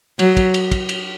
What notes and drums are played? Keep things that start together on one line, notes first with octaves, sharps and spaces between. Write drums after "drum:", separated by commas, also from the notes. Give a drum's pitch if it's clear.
F#3, drum: cymbal
drum: kick, cymbal
drum: cymbal
drum: kick, cymbal
drum: cymbal